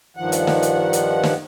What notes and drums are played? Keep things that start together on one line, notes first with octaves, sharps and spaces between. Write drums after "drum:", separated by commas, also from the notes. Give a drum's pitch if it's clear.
G2 D#3 F3 F#5
drum: hi-hat
drum: snare
drum: hi-hat
drum: hi-hat
drum: snare